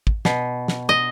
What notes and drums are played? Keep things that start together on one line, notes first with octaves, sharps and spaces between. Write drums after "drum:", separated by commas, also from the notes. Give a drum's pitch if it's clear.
drum: kick
B2, drum: snare
drum: snare
D#5